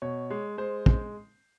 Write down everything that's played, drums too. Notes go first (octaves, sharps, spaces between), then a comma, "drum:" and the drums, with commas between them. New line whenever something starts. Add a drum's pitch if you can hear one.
B2 C#5
G#3
G#3 C5
G#3, drum: kick